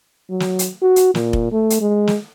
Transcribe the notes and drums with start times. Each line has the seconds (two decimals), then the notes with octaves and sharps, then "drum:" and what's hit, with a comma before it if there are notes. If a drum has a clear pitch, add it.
0.30 F#3
0.40 drum: snare
0.59 drum: hi-hat
0.82 F#4
0.96 drum: hi-hat
1.15 A#2, drum: snare
1.33 drum: kick F1
1.52 A3
1.70 drum: hi-hat
1.81 G#3
2.07 drum: snare